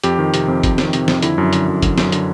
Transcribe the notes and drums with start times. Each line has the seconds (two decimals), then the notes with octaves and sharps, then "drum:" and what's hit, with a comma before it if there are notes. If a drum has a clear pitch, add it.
0.04 F2 G4, drum: hi-hat
0.19 D#3
0.34 C3, drum: hi-hat
0.48 F2
0.63 F2, drum: kick, hi-hat
0.78 D#3, drum: snare
0.93 C3, drum: hi-hat
1.08 F2, drum: snare
1.22 D3 E4, drum: hi-hat
1.38 F#2
1.53 D3, drum: hi-hat
1.68 F#2
1.83 D3, drum: kick, hi-hat
1.98 F#2, drum: snare
2.12 D3, drum: hi-hat